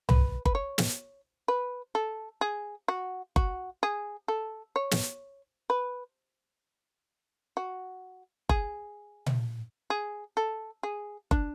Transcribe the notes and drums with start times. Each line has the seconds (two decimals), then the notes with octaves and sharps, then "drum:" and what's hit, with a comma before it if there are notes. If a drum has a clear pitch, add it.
0.09 B4, drum: tom C2
0.45 B4, drum: kick G1
0.55 C#5
0.78 drum: snare
1.48 B4
1.95 A4
2.41 G#4
2.88 F#4
3.36 F#4, drum: kick G1
3.83 G#4
4.28 A4
4.76 C#5
4.91 drum: snare
5.70 B4
7.57 F#4
8.49 G#4, drum: kick G1
9.26 drum: tom A#2
9.90 G#4
10.37 A4
10.83 G#4
11.31 D4, drum: kick G1